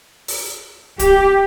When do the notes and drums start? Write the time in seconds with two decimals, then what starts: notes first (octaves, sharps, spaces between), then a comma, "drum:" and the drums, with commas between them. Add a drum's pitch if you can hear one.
0.28 drum: open hi-hat
0.99 G4, drum: kick, hi-hat